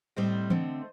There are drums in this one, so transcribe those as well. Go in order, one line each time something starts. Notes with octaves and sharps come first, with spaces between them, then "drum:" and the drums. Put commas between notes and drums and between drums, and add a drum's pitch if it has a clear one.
A2 G3 C4 C5 D#5
D3 A3 C4, drum: tom E3